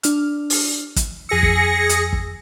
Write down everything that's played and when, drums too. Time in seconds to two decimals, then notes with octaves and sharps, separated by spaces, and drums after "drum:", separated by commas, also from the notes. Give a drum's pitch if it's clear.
0.03 D4 F6, drum: hi-hat
0.50 drum: open hi-hat
0.96 drum: kick, hi-hat
1.29 F2 G#4 E6 A#6 C#7
1.43 drum: kick
1.89 drum: hi-hat
2.13 drum: kick